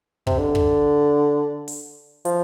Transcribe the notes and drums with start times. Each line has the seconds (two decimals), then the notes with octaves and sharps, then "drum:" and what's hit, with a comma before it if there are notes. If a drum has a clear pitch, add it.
0.27 C3, drum: kick
0.38 D3
0.55 drum: kick
1.68 drum: open hi-hat
2.25 F3, drum: hi-hat